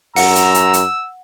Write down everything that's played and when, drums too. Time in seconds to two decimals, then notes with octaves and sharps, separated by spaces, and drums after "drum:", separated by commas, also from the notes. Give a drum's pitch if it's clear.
0.16 F#2 F#5 A#5 E6, drum: open hi-hat
0.35 drum: hi-hat
0.54 drum: hi-hat
0.73 drum: hi-hat